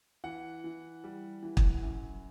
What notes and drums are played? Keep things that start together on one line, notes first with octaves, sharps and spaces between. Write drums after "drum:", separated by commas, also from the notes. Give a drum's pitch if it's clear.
E3 F#5
E3
G3
E3
drum: kick
F#2